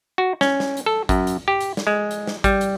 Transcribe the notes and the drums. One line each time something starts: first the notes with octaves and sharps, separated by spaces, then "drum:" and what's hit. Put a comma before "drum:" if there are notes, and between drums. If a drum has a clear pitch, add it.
F#4
C#4, drum: snare
drum: snare
drum: hi-hat
A4
F#2, drum: kick G#1, hi-hat
drum: hi-hat
G4
drum: hi-hat
drum: snare
G#3
drum: hi-hat
drum: snare
G3, drum: kick G#1, hi-hat
drum: hi-hat